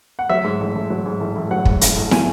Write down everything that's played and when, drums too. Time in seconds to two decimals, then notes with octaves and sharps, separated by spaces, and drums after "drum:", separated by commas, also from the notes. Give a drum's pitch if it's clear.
0.19 F#5
0.30 F#3 E5
0.44 G#2
0.60 A1
0.75 A1
0.90 F#3
1.06 G#2
1.20 A1
1.36 A1
1.51 F#3 F#5
1.65 G#2, drum: kick
1.81 A1, drum: hi-hat
1.96 A1
2.11 F#3 G#5, drum: snare